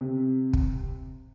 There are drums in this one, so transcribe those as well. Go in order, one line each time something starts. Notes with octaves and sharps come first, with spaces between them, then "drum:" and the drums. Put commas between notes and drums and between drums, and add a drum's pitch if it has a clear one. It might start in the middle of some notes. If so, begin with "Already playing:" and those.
C3
drum: kick